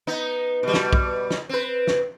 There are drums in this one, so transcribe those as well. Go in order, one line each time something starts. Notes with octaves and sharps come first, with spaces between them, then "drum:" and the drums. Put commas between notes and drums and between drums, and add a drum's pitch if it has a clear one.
B3 D#4
B2 G3
drum: snare
drum: kick
drum: snare
C4 B4
drum: snare